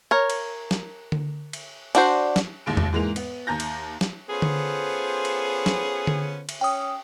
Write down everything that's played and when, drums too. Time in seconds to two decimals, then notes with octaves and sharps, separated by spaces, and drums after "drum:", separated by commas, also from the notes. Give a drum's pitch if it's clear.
0.11 A#4 C#5
0.30 drum: cymbal
0.71 drum: snare
1.12 drum: tom D3
1.53 drum: cymbal
1.95 D4 F#4 C5, drum: cymbal
2.36 drum: snare
2.66 A1 D#2 G#3 D7
2.77 drum: tom E2
2.92 G#2 E3 G#3 A#3 F7
3.16 B3, drum: cymbal
3.47 D#2 A#5 G6 A#6
3.60 drum: cymbal
4.01 drum: snare
4.29 B3 C#4 F4 G#4 A4 C5
4.42 drum: tom D3
5.25 drum: cymbal
5.66 drum: snare
6.07 drum: tom D3
6.49 drum: cymbal
6.61 C#4 G5 D#6